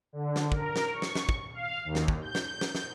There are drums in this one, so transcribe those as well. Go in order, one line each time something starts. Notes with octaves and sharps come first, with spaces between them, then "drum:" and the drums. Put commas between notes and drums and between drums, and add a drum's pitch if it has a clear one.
D3
drum: snare
A#4, drum: kick
drum: snare
C#6
drum: snare
drum: snare
drum: kick
F5
D#2
drum: snare
drum: kick
G6
drum: snare
drum: snare
drum: snare